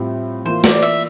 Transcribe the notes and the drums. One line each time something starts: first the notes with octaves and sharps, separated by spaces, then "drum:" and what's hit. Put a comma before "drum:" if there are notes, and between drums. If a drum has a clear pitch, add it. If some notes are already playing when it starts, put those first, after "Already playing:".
Already playing: A2 G3 C4 F4
E3 A#3 F4 C5
D5, drum: snare
E5, drum: cymbal